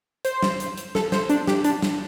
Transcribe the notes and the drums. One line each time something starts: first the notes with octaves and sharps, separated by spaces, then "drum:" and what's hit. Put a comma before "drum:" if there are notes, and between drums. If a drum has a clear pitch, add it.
C5, drum: hi-hat
drum: snare
drum: hi-hat
drum: hi-hat
A4, drum: snare
C5, drum: snare
D4, drum: hi-hat
G4, drum: snare
D4, drum: hi-hat
drum: snare